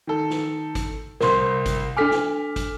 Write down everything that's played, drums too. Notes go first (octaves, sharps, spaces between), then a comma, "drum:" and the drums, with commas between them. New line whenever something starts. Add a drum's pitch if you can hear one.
D#3 A4
drum: snare
drum: kick, hi-hat
C2 A#4 C5 C6, drum: snare
drum: kick, hi-hat
D4 A4 G#5 D6 F6 B6
drum: snare
drum: kick, hi-hat